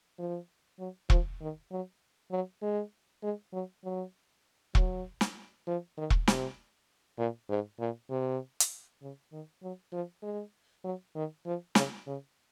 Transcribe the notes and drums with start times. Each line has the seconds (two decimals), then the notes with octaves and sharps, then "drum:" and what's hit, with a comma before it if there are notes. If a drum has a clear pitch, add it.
0.19 F3
0.79 F#3
1.10 F3, drum: kick E1
1.41 D#3
1.71 F#3
2.31 F#3
2.62 G#3
3.23 G#3
3.53 F#3
3.84 F#3
4.75 F#3, drum: kick E1
5.21 drum: snare
5.67 F3
5.98 D#3
6.10 drum: kick E1
6.28 C3, drum: snare
7.18 A#2
7.49 G#2
7.80 A#2
8.10 C3
8.60 drum: hi-hat
9.02 C#3
9.32 D#3
9.62 F#3
9.93 F3
10.23 G#3
10.84 F#3
11.15 D#3
11.46 F3
11.75 C#3, drum: snare
12.07 C#3